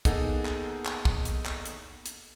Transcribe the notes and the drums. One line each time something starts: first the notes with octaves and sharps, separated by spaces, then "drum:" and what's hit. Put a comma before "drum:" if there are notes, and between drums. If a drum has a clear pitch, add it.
A#3 B3 D#4 G#4 A4 F#5, drum: kick, hi-hat
drum: clap
drum: clap
drum: kick
drum: hi-hat
drum: clap
drum: hi-hat
drum: hi-hat